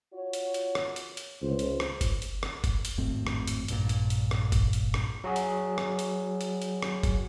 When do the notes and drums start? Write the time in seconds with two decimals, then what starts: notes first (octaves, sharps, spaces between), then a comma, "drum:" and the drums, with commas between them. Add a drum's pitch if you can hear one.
0.13 F4 F#4 C#5
0.33 drum: hi-hat
0.54 drum: hi-hat
0.75 drum: rim click
0.96 drum: hi-hat
1.17 drum: hi-hat
1.43 C#2 F4 B4 C5
1.59 drum: hi-hat
1.80 drum: rim click
2.01 drum: kick F#1, hi-hat
2.22 drum: hi-hat
2.43 drum: rim click
2.64 drum: kick F#1, hi-hat
2.85 drum: hi-hat
2.98 G#1 F2 A2 C4
3.27 drum: rim click
3.48 drum: hi-hat
3.68 A#1 G2 A#2, drum: hi-hat
3.89 drum: hi-hat
4.10 drum: hi-hat
4.31 drum: rim click
4.52 drum: kick F#1, hi-hat
4.73 drum: hi-hat
4.94 drum: rim click
5.24 F#3 F#4 G#4
5.36 drum: hi-hat
5.78 drum: rim click
5.99 drum: hi-hat
6.41 drum: hi-hat
6.62 drum: hi-hat
6.83 drum: rim click
7.03 drum: kick F#1, hi-hat